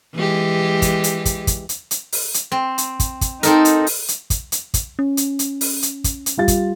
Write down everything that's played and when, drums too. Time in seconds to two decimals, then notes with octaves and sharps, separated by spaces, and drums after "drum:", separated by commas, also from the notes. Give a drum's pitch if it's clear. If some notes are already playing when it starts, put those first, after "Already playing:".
0.15 E3 G#3 G4
0.82 drum: kick, hi-hat
1.04 drum: hi-hat
1.25 drum: kick, hi-hat
1.47 drum: kick, hi-hat
1.69 drum: hi-hat
1.91 drum: hi-hat
2.12 drum: open hi-hat
2.34 drum: hi-hat
2.52 C4
2.78 drum: hi-hat
3.00 drum: kick, hi-hat
3.21 drum: kick, hi-hat
3.43 C4 D#4 A4 A#4, drum: hi-hat
3.65 drum: hi-hat
3.87 drum: open hi-hat
4.08 drum: hi-hat
4.30 drum: kick, hi-hat
4.52 drum: hi-hat
4.74 drum: kick, hi-hat
4.99 C#4
5.17 drum: hi-hat
5.39 drum: hi-hat
5.61 drum: open hi-hat
5.83 drum: hi-hat
6.04 drum: kick, hi-hat
6.26 drum: hi-hat
6.37 G3 F4 A6
6.48 drum: kick, hi-hat